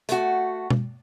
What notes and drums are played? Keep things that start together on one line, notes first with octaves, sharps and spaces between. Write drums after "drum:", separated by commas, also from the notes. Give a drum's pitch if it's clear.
A3 F#4, drum: hi-hat
drum: tom B2